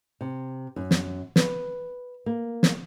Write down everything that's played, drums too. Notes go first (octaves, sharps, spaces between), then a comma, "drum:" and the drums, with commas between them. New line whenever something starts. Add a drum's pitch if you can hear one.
C3
F#2
drum: snare
B4, drum: snare
A#3
drum: snare